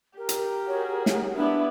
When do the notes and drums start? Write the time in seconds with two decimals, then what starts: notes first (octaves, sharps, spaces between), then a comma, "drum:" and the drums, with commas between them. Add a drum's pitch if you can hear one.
0.18 G4 A#4
0.29 drum: hi-hat
0.67 F#4 G#4 C#5
1.06 drum: snare
1.37 B3 D4 E4